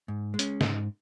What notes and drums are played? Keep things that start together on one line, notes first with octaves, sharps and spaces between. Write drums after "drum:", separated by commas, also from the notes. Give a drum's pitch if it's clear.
G#2
G#3
C#4, drum: hi-hat
G#2 D#4, drum: snare